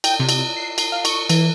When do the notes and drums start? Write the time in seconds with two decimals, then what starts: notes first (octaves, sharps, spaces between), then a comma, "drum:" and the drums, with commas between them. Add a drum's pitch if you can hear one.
0.04 G5, drum: cymbal
0.20 C3
0.29 drum: cymbal
0.56 C7
0.78 drum: cymbal
0.92 F5
1.05 C#6, drum: cymbal
1.30 E3, drum: cymbal